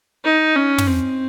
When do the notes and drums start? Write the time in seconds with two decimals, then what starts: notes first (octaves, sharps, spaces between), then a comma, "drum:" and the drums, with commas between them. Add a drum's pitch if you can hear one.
0.24 D#4
0.56 C#4
0.78 drum: tom
0.88 C4